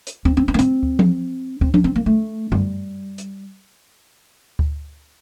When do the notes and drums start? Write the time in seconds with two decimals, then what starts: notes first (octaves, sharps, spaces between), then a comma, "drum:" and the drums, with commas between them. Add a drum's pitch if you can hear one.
0.07 drum: hi-hat
0.25 C4, drum: kick D2
0.37 C4
0.48 C4
0.54 A#3
0.59 C4, drum: hi-hat
0.83 drum: kick D2
0.99 drum: tom F3
1.61 C4, drum: kick D2
1.74 D4, drum: tom F3
1.84 C4
1.96 A#3
2.06 A3
2.52 G3, drum: tom F#2
3.18 drum: hi-hat
4.59 drum: kick D2